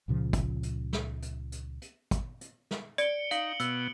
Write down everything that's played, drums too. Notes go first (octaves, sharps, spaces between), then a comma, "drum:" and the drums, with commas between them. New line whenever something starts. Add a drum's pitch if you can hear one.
C#2 A#2 C#3 F3
drum: kick, hi-hat
drum: hi-hat
drum: snare
drum: hi-hat
drum: hi-hat
drum: hi-hat
drum: kick, hi-hat
drum: hi-hat
drum: snare
D5 C#7 D7 G7, drum: hi-hat
D#4 F5 F#7, drum: hi-hat
B2 B3 E6, drum: hi-hat